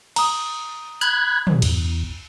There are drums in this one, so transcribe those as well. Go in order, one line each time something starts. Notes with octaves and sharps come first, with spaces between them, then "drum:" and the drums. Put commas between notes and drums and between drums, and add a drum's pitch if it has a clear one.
A#5 D#6, drum: cymbal
B5 F#6 G#6, drum: hi-hat
drum: tom
E2, drum: cymbal